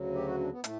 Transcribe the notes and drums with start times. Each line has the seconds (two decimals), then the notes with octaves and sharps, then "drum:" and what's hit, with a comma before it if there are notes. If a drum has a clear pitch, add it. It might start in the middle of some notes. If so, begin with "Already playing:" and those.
Already playing: D2 C#3 F#3
0.15 G4
0.27 F#4
0.40 D4
0.52 B3
0.64 A2 A3, drum: hi-hat